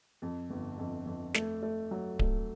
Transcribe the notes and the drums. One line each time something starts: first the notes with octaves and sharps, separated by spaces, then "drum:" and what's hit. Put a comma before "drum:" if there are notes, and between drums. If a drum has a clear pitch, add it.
F2
G1
F2
F2
A3, drum: snare
A3
F#3
A3, drum: kick D1